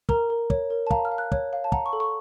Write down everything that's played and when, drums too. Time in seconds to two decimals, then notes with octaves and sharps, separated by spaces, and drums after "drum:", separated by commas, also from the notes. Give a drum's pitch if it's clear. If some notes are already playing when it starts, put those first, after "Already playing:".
0.09 A#4 A#5, drum: kick
0.30 A#4
0.50 C#5, drum: kick
0.70 A#4
0.87 A5
0.91 F5 A#5, drum: kick
1.05 F6
1.12 F5
1.18 F#6
1.32 C#5, drum: kick
1.53 F5
1.64 A5
1.72 F#5 A#5, drum: kick
1.86 C#6
1.93 A4
2.00 C#6